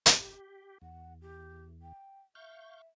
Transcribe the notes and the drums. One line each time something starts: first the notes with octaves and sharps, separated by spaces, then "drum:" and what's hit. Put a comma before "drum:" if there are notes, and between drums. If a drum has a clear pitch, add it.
G4, drum: hi-hat
E2 F#5
G4
G5
E5 F5 C#6 G6